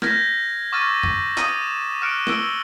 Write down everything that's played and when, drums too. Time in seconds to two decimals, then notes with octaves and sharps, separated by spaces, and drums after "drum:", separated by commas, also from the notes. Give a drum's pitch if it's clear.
0.02 F6 G6 G#6 A#6 B6, drum: snare
0.72 C#6 D6 E6 F6 A6 D#7
1.03 drum: tom
1.37 D#6 D#7, drum: clap
1.61 E7
2.02 D6 F6 F#6 C#7 D7
2.27 E6 D7 G7, drum: snare